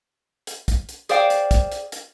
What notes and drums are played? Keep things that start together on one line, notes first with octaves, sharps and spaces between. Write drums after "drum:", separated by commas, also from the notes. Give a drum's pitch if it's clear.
drum: hi-hat
drum: kick, hi-hat
drum: hi-hat
G#4 C5 D5 F5 G5, drum: hi-hat
drum: hi-hat
drum: kick, hi-hat
drum: hi-hat
drum: hi-hat